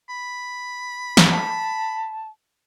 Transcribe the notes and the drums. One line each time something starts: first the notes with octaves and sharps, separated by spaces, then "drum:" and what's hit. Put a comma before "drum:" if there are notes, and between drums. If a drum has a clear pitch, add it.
B5
drum: snare
A5